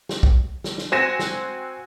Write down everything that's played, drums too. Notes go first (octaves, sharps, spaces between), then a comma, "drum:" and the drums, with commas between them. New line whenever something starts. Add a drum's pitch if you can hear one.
drum: snare
drum: kick
drum: snare
drum: snare
C4 F#4 G#5 A#6 E7
drum: snare